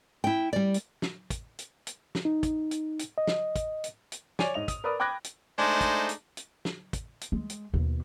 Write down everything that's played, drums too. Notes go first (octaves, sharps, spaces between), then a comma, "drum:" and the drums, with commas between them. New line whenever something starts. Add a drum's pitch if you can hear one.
E4 G5
G3 D5
drum: hi-hat
drum: snare
drum: kick, hi-hat
drum: hi-hat
drum: hi-hat
drum: snare
D#4
drum: kick, hi-hat
drum: hi-hat
drum: hi-hat
D#5
drum: snare
drum: kick, hi-hat
drum: hi-hat
drum: hi-hat
C#5 D5 G#5 D#7 F7, drum: snare
G#2 D#5 F7
D#6, drum: kick, hi-hat
A#4 B4 D5 B5 D#6
G5 B5 D6 F#6 G#6 A#6
drum: hi-hat
G#3 A3 D4 D#4 C5
drum: kick, hi-hat
drum: hi-hat
drum: hi-hat
drum: snare
drum: kick, hi-hat
drum: hi-hat
G#3
drum: hi-hat
D#2 B2